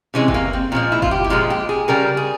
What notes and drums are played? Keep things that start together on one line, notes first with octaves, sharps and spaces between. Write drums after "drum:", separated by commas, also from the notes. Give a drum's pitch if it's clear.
C3 E3 G#3 C#4
C4, drum: kick
A#3
C4
A#2 F3 G#3 C#4
E4
F4, drum: kick
G4
E4
A#2 F3 G#3 F4
G4
G#4
C#3 G3 A#4
G#4